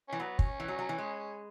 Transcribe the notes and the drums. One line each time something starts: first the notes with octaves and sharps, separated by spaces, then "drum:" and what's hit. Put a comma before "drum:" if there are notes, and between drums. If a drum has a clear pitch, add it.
E3 C#4
F#3 B3
C#4, drum: kick
E3
F#3
F#3
E3
G#3